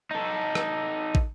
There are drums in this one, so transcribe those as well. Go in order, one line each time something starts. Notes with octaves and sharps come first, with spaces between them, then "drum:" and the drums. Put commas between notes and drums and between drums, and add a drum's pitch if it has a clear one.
D#4 A4
drum: rim click
drum: kick